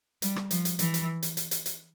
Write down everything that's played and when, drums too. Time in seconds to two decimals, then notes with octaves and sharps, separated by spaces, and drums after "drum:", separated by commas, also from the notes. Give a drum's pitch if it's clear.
0.22 G3, drum: hi-hat
0.36 drum: rim click
0.51 F3, drum: hi-hat
0.65 drum: hi-hat
0.79 E3, drum: hi-hat
0.94 drum: hi-hat
1.23 drum: hi-hat
1.37 drum: hi-hat
1.51 drum: hi-hat
1.66 drum: hi-hat